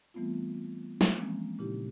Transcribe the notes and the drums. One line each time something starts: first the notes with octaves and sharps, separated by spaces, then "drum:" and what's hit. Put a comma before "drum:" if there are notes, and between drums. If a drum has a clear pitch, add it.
E3 G3 A3 B3 C4 F4
drum: snare
E3 F3 G#3 A#3 C4 C#4
A#2 C#3 D#4 E4 G4